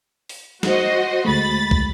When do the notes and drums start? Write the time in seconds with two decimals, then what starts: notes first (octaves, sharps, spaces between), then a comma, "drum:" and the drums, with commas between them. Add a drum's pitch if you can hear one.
0.29 drum: open hi-hat
0.63 F#4 C5 D#5, drum: snare
1.25 D2 G#3 A3 B5 A6
1.71 drum: kick